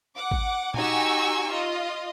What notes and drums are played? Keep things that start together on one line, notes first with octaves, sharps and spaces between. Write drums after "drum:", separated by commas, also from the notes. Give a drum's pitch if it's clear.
F#5 D6
drum: kick G#1
D#4 F#4 G4 G#5 C#6 E6, drum: tom A#2
F4 D#5